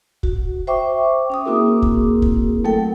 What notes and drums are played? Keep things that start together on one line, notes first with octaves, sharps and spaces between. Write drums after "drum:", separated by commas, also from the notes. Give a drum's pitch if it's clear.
F#4, drum: kick
C5 E5 G5 C#6 D6
C#4 D6 D#6
A#3 C4 E4 F#4 G#4 A#4
drum: kick
drum: kick
F#3 A3 A4 A#4 G5 A5